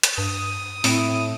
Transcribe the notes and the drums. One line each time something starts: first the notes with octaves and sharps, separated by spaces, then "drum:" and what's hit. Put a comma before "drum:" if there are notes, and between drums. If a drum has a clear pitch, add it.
drum: hi-hat
G2 D#6
A2 C4 E4, drum: open hi-hat